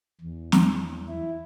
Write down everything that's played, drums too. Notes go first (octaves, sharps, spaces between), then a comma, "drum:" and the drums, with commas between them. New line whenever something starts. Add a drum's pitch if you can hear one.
E2
drum: snare
E4